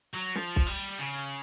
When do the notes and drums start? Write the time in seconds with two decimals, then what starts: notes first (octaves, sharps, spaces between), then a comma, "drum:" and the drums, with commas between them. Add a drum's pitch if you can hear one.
0.14 F#3
0.35 F3, drum: snare
0.56 drum: kick B1
0.67 G3
0.99 C#3